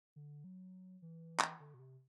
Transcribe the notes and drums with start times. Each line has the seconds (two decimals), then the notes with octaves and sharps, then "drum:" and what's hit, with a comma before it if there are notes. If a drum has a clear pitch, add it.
0.16 D3
0.44 F#3
1.02 E3
1.40 drum: clap
1.60 D3
1.74 B2
1.79 C3